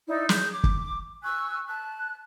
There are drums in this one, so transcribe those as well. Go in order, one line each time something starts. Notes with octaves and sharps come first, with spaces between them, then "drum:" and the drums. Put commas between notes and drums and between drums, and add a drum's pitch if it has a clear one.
D#4 E4 D5
G#4 G6, drum: snare
D6
drum: kick
G#5 C#6 E6 F#6
A5 F#6